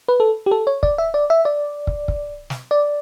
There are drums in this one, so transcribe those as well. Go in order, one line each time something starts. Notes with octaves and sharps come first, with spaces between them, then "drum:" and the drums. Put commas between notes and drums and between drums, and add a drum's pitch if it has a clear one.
B4
A4
G4
A4
C#5
D5, drum: kick
E5
D5
E5
D5
drum: kick
drum: kick
drum: snare
D5